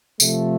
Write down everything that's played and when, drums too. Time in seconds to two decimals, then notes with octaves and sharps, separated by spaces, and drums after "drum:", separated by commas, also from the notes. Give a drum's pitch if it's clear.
0.20 C3 F3 A3, drum: tambourine